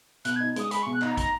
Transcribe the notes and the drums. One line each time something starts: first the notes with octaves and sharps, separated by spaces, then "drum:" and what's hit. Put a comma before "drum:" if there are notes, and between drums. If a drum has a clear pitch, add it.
B2 F#6, drum: hi-hat
D#4 G#6
G#3 D#6, drum: hi-hat
G#4 B5, drum: hi-hat
B2 C#6
F#6
D#4 A#5, drum: clap
A#5, drum: kick, hi-hat